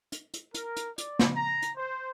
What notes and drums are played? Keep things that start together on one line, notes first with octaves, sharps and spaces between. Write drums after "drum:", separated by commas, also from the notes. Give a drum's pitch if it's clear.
drum: hi-hat
drum: hi-hat
A#4, drum: hi-hat
drum: hi-hat
D5, drum: hi-hat
drum: snare
A#5
drum: hi-hat
C5